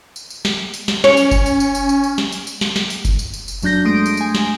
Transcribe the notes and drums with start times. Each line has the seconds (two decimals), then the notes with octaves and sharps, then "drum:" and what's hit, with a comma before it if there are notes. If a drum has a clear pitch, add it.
0.16 drum: tambourine
0.30 drum: tambourine
0.45 drum: snare
0.74 drum: tambourine
0.88 drum: snare
1.04 C#4 C#5, drum: snare
1.17 drum: tambourine
1.31 drum: kick F#1, tambourine
1.46 drum: tambourine
1.60 drum: tambourine
1.75 drum: tambourine
1.89 drum: tambourine
2.04 drum: tambourine
2.18 drum: snare
2.32 drum: tambourine
2.47 drum: tambourine
2.61 drum: snare
2.76 drum: snare
2.90 drum: tambourine
3.05 drum: kick F#1, tambourine
3.19 drum: tambourine
3.34 drum: tambourine
3.48 drum: tambourine
3.62 F#2 F#3 D4 G6 A#6, drum: tambourine
3.85 G#3 A3 C6 D#6 D7
4.06 drum: tambourine
4.17 G#5 D7, drum: tambourine
4.35 drum: snare